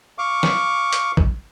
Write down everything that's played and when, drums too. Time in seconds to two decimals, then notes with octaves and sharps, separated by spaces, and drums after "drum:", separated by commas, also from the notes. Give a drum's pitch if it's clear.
0.18 F5 C#6 D6
0.43 drum: snare
0.93 drum: hi-hat
1.17 drum: kick